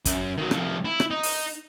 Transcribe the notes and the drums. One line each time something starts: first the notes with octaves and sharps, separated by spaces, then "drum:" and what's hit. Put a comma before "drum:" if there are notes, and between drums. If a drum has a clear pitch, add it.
F#2, drum: kick, hi-hat
D#3 F#3
C2 F3, drum: rim click
E4
drum: rim click
D#4
drum: open hi-hat